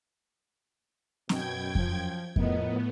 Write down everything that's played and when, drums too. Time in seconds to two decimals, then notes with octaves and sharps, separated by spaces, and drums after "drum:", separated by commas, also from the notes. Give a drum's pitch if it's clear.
1.29 F#2 B2 G5 G#6, drum: snare C4
1.75 F3, drum: kick F2
2.36 A2 F3 B3 A#4 D#5, drum: kick F2